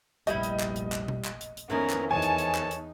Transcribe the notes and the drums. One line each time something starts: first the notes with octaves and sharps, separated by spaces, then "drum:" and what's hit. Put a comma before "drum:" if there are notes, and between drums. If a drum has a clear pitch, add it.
F1 A#1 G3 B3 E4 D#5, drum: hi-hat
drum: hi-hat
drum: clap
drum: hi-hat
drum: clap
drum: tom B2
drum: clap
drum: hi-hat
drum: hi-hat
F2 D#3 E3 B3 C#4 A#4
drum: clap
E2 D#4 C#5 G#5 A5
drum: hi-hat
drum: hi-hat
drum: clap
drum: hi-hat